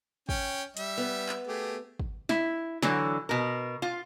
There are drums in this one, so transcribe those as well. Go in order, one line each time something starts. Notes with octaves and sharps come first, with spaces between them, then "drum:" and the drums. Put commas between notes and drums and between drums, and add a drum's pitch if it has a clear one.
C#4 G5, drum: kick
G3 E5, drum: hi-hat
B3
drum: clap
A3 G4 G#4
drum: kick
E4, drum: snare
D3 E3 F#3, drum: snare
B2 A#4
F4